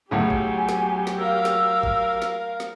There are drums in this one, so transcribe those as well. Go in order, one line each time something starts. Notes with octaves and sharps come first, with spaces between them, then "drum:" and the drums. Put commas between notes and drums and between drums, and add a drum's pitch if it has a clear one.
B1 A2 C#3 F#3 G4 G#5
drum: kick
drum: snare
drum: snare
A#4 F5 E6
drum: snare
drum: kick
drum: snare
drum: snare